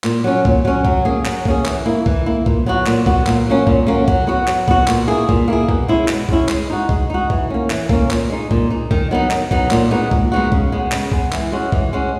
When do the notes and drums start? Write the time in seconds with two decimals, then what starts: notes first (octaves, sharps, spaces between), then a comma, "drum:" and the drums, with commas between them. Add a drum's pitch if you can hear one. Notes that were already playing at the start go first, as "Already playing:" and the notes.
0.04 A#2, drum: clap
0.24 F#3 C#4
0.45 A#2, drum: kick C2
0.65 F#3 C#4
0.85 F#3, drum: kick C2
1.05 A#3 C#4 G#4
1.25 F#3, drum: clap
1.45 A#3 C#4 G#4, drum: kick C2
1.66 E3, drum: clap
1.86 A#3 E4
2.06 E3, drum: kick C2
2.26 A#3 E4
2.46 A#2, drum: kick C2
2.66 F#3 B3 F#4
2.86 A#2, drum: clap
3.06 F#3 B3 F#4, drum: kick C2
3.27 A#2, drum: clap
3.46 F#3 A#3 C#4
3.67 A#2, drum: kick C2
3.87 F#3 A#3 C#4
4.08 F#3, drum: kick C2
4.27 B3 F#4
4.48 F#3, drum: clap
4.68 B3 F#4, drum: kick C2
4.88 A#2, drum: clap
5.08 A#3 E4 G#4
5.29 A#2, drum: kick C2
5.48 A#3 E4 G#4
5.69 B2, drum: kick C2
5.88 G#3 C#4 E4
6.08 B2, drum: clap
6.29 G#3 C#4 E4, drum: kick C2
6.49 G#3, drum: clap
6.70 D#4 F#4
6.89 G#3, drum: kick C2
7.10 D#4 F#4
7.30 E3, drum: kick C2
7.50 A#3 C#4
7.70 E3, drum: clap
7.89 A#3 C#4, drum: kick C2
8.11 A#2, drum: clap
8.30 G#3 D#4
8.51 A#2, drum: kick C2
8.70 G#3 D#4
8.91 D#3, drum: kick C2
9.11 F#3 B3 D#4
9.31 D#3, drum: clap
9.51 F#3 B3 D#4, drum: kick C2
9.71 A#2, drum: clap
9.91 G#3 B3 D#4 F#4
10.11 A#2, drum: kick C2
10.32 G#3 B3 D#4 F#4
10.52 C#3, drum: kick C2
10.72 G#3 B3
10.92 C#3, drum: clap
11.12 G#3 B3, drum: kick C2
11.33 E3, drum: clap
11.52 G#3 C#4 F#4
11.72 E3, drum: kick C2
11.93 G#3 C#4 F#4